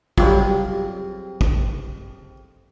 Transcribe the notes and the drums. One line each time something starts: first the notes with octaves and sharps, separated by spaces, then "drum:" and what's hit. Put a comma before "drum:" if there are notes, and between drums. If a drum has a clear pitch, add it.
F2 F#3 G3 F4 G4 G#4, drum: kick
drum: kick